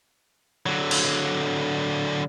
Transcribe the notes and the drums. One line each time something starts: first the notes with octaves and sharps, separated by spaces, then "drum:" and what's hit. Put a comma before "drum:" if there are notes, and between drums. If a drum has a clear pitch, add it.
D3 F#3
drum: cymbal